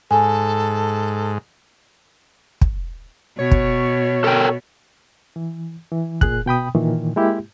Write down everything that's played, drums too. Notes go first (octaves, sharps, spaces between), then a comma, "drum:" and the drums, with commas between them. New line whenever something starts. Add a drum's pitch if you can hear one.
G#2 A4 G#5
drum: kick
B2 C#5
drum: kick
A4 A#4 G5
E3
E3
A#2 G#4 F#6, drum: kick
B2 G5 B5 D#6
A#2 D#3 E3
G#3 A#3 E4 G4